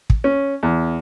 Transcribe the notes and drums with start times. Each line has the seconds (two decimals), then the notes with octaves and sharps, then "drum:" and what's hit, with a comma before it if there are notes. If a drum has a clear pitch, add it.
0.10 drum: kick
0.24 C#4
0.63 E2